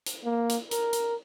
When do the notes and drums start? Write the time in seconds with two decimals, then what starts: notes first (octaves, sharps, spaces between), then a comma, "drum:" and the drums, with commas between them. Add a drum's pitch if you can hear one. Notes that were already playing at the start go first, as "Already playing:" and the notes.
0.06 drum: hi-hat
0.25 A#3
0.49 drum: hi-hat
0.71 A#4, drum: hi-hat
0.93 drum: hi-hat